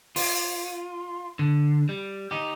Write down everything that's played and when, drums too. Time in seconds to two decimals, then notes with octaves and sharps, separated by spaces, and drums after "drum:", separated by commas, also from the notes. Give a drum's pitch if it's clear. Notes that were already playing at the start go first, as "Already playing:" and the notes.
0.16 F4, drum: open hi-hat
1.39 D3
1.89 G3
2.31 D#4 G4